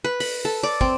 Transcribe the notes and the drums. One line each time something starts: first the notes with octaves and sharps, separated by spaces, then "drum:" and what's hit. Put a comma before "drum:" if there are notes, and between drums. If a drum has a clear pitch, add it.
B4
B5, drum: open hi-hat
A4
D5
C4, drum: kick